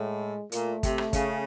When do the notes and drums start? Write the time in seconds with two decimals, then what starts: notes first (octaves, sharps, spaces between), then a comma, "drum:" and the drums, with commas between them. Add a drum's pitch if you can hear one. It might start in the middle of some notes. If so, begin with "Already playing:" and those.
Already playing: A2 G#3
0.52 A#2 A3, drum: hi-hat
0.83 C3, drum: kick, hi-hat
0.98 drum: rim click
1.13 C#3, drum: kick, hi-hat